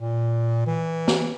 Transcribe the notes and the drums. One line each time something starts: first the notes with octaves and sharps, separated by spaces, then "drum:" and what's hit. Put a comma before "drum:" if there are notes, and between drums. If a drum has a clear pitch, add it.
A#2
E3
drum: snare